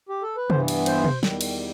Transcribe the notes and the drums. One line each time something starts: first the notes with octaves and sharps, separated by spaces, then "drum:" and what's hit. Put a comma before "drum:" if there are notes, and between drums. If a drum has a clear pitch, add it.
G4
A4
B4
G2 E3 B3 C5, drum: tom C3
drum: cymbal
C5, drum: cymbal
drum: tom B2
E2 D#3 G3, drum: snare
drum: cymbal